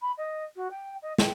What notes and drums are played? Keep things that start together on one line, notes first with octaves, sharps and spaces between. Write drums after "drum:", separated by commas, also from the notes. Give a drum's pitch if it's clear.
B5
D#5
F#4
G5
D#5
G5, drum: snare